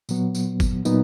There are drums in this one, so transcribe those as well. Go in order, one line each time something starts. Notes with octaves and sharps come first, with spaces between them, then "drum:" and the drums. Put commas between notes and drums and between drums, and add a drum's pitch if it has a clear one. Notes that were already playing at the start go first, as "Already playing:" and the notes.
A#2 F#3 B3, drum: tambourine
drum: tambourine
drum: kick, tambourine
A#2 F#3 B3 D#4, drum: tambourine